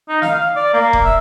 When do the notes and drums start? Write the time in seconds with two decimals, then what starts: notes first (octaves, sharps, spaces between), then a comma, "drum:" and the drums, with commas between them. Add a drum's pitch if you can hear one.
0.09 D#4
0.22 F5, drum: snare
0.35 F5
0.56 D5
0.74 A#3
0.93 drum: kick D#1
1.05 E5